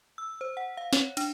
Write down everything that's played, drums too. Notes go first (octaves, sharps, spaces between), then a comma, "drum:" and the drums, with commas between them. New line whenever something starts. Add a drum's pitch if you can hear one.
E6
C5
F#5
F5
C#5, drum: snare
D4, drum: cymbal